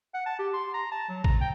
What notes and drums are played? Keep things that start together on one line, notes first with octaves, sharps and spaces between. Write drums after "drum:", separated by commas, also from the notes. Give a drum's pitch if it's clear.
F#5
A5
G4
C6
A#5
A5
F#3
A#5, drum: kick
G5